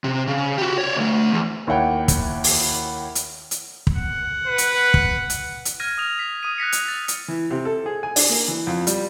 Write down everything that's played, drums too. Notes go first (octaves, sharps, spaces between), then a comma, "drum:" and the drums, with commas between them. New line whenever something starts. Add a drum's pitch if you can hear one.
C3
C#3
F#4 G4
C#5 D5
D2 A3
E2
D#2 E4 C#5 F#5 G5
drum: kick, hi-hat
drum: open hi-hat
drum: hi-hat
drum: hi-hat
drum: kick
F#5
B4
drum: hi-hat
drum: kick
drum: hi-hat
drum: hi-hat
F6 G#6 A#6 D#7
D#6 F6 A#6 F7
B6
D#6 D#7
F#6 A#6 B6 C#7
drum: hi-hat
E6 A6
drum: hi-hat
E3
C3
A4
G#4
G#5
D4, drum: open hi-hat
A#3
E3
F2
G3, drum: hi-hat